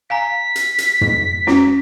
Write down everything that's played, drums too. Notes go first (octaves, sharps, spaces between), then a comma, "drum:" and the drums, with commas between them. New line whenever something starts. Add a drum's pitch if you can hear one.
F5 G#5 A#5 B6
drum: hi-hat
drum: hi-hat
drum: tom
C#4 F#4, drum: snare